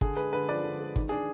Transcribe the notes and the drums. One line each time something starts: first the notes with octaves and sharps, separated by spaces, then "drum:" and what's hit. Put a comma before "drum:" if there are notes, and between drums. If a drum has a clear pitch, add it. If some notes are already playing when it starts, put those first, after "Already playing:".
D3 G#4, drum: kick
G#3 B4
D3 B4
F3 B4 D5
D3
G#3
D#3, drum: kick
D4 G#4